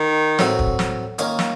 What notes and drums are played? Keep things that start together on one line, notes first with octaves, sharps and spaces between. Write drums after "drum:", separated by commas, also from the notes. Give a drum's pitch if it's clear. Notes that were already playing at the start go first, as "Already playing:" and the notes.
Already playing: D#3
A2 F#3 C4 F#4, drum: snare
drum: kick
drum: snare
D#3 A#3 C#4 F4 A#4, drum: hi-hat
drum: snare